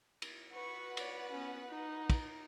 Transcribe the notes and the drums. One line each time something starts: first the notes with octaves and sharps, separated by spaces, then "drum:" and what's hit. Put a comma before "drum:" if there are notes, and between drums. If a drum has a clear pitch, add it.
drum: cymbal
F#4 B4 F#5 C#6
C#5 D5, drum: cymbal
B3 C#4
D#4
drum: kick, cymbal